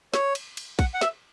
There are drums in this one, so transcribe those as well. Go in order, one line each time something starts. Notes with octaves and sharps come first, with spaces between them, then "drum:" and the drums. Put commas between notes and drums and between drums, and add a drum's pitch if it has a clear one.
C#5, drum: snare
drum: cymbal
drum: cymbal
F#5, drum: kick, cymbal
F#5
E5, drum: snare